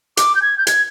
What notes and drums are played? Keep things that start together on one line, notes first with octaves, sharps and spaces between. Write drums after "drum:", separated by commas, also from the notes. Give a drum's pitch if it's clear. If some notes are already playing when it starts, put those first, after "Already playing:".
D6, drum: hi-hat
G6
G#6
G6
G#6, drum: hi-hat